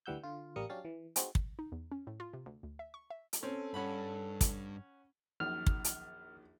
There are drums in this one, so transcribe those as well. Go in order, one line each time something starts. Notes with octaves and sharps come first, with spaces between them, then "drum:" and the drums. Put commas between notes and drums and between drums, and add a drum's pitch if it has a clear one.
D2 E3 G3 F#5 E6 G6
D3 F4
A1 G3 A#3 A#4 D#6 C#7
F#3 C#4 D4 G4 F5 A6
E3
C4 D#4 F#4 G#4 D#5, drum: hi-hat
drum: kick
D#4
E2
C#4
A2
F4
C3
D2
D2
E5
C#6
E5
drum: hi-hat
C4 C#4 A4
G2 C#4 F#5 B5
drum: kick, hi-hat
A#1 F#2 D#3 F6
drum: kick
drum: hi-hat